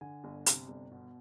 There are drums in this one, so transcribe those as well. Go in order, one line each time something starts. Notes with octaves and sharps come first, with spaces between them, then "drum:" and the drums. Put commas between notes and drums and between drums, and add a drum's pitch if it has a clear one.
D3 G#5
G1
C3, drum: hi-hat
G1
B2